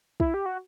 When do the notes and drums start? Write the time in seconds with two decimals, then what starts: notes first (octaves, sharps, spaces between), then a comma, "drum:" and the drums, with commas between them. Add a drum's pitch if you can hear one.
0.20 E4, drum: kick
0.34 G4
0.46 F#4